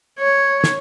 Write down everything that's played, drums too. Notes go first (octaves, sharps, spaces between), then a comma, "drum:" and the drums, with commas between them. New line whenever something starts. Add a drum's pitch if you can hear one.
C#5
drum: snare